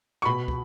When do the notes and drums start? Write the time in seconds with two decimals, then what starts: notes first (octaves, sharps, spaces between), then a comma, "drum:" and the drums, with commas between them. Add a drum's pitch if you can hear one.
0.22 C#6
0.25 B2 B5
0.48 drum: kick